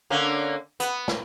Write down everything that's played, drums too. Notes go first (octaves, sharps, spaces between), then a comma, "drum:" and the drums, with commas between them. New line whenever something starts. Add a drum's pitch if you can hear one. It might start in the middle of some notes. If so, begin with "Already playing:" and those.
D3 A#3 C#4
B3, drum: hi-hat
drum: snare